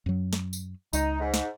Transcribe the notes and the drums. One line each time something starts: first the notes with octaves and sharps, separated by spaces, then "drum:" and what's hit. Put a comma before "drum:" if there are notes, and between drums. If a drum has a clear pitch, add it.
F#2 F#3
drum: snare
drum: tambourine
C#2 D#4, drum: tambourine
G#2
drum: snare